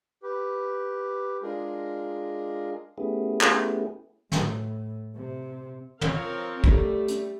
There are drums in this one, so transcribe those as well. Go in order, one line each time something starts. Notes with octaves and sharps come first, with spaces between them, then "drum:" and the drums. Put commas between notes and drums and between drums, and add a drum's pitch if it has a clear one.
G4 B4
G#3 D4 F4 G#4 A#4
A3 B3 C#4 E4 G4 G#4
drum: clap
A2, drum: snare
C3
F3 C4 A#4 C#5 F5, drum: tom
G3 A3, drum: kick
drum: hi-hat